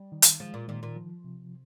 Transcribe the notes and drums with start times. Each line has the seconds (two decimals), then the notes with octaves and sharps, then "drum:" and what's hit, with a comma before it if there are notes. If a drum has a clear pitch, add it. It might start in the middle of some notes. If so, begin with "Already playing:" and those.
Already playing: G3
0.12 D#3
0.22 drum: hi-hat
0.40 F3 G#3
0.54 A#2
0.68 A#2 D#3
0.83 A#2
0.96 F3
1.24 C3